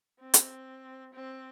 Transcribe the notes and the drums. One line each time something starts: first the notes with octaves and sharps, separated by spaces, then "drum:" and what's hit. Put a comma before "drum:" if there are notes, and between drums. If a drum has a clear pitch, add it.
C4
drum: hi-hat
C4